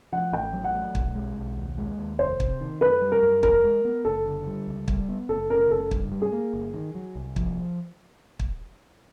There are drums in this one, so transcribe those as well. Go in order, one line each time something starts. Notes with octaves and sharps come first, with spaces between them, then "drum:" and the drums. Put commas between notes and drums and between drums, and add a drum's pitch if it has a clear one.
F3 F#5
A1 G5
F#3
F#5
A3
B1, drum: kick
G#3
B1
D#2
G#3
D#2
F1 C5
C3, drum: kick
D#3
F#2 B4
G3
A#4
F#2
E2 A#4, drum: kick
G#3
B3
F#1 A4
D3
G3
C#2
G3, drum: kick
B3
F#1 A4
C#3 A#4
F#1 A4
G2, drum: kick
G3
G#4
A#3
G1
D#3
F#3
C2
F3, drum: kick
drum: kick